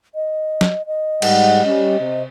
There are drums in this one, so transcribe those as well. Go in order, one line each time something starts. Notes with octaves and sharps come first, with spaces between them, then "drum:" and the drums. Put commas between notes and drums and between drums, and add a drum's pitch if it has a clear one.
D#5
drum: snare F#3
D#5
G#2 G3 F#5, drum: cymbal
G3 C#4
C3